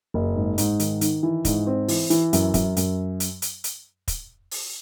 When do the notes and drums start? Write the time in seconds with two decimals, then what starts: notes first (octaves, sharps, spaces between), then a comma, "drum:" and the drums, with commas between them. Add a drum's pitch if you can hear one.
0.14 F#1
0.35 G#2
0.58 G#2, drum: hi-hat
0.79 D#3, drum: hi-hat
1.01 D#3, drum: hi-hat
1.23 E3
1.45 G#2, drum: kick, hi-hat
1.67 C4
1.88 E3, drum: open hi-hat
2.10 E3, drum: hi-hat
2.33 F#2, drum: hi-hat
2.54 F#2, drum: kick, hi-hat
2.77 F#2, drum: hi-hat
3.20 drum: hi-hat
3.42 drum: hi-hat
3.64 drum: hi-hat
4.08 drum: kick, hi-hat
4.51 drum: open hi-hat